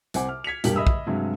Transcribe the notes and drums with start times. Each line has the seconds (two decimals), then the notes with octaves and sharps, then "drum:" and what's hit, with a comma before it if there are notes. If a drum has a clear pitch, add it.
0.14 C2 C3 C5 F#5 G#5 D6, drum: hi-hat
0.29 F6
0.44 G#6 B6 C#7 F7
0.64 E1 G2 G3 A#3 G4 F#7, drum: hi-hat
0.76 D#5 E5 B5 D#6 E6
0.87 drum: kick
1.07 G2 C3 F#3 G#3